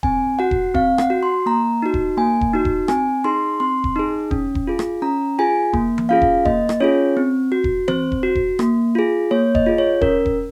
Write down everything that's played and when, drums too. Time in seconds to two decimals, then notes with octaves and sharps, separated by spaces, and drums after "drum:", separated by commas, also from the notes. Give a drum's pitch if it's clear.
0.03 C4 G#5, drum: kick E1
0.39 F#4 F#5
0.51 drum: kick E1
0.74 C4 F5, drum: kick E1
0.98 F#5, drum: rim click
1.10 F#4
1.23 C6
1.46 A#3 A#5
1.82 D#4 F#4
1.94 drum: kick E1
2.17 A#3 G#5
2.41 drum: kick E1
2.54 D#4 F#4
2.65 drum: kick E1
2.88 C4 G#5, drum: rim click
3.24 D#4 G#4 C6
3.60 C4 C6
3.84 drum: kick E1
3.96 D#4 G#4
4.31 C#4, drum: kick E1
4.55 drum: kick E1
4.67 F4 G#4
4.79 drum: rim click
5.02 C#4 A#5
5.39 F4 G#4 G#5
5.73 A#3, drum: kick E1
5.98 drum: tom E3
6.09 C#4 F4 G#4 F5
6.22 drum: kick E1
6.45 A#3 D#5, drum: kick E1
6.69 drum: rim click
6.80 C#4 F4 G#4 C#5
7.17 C4
7.52 F#4
7.64 drum: kick E1
7.88 C4 C5, drum: tom E3
8.12 drum: kick E1
8.23 F#4
8.35 drum: kick E1
8.59 A#3, drum: rim click
8.95 F4 G#4
9.31 A#3 C#5
9.55 D#5, drum: kick E1
9.66 F4 G#4
9.78 C#5
10.01 C#4 A#4, drum: kick E1
10.26 drum: kick E1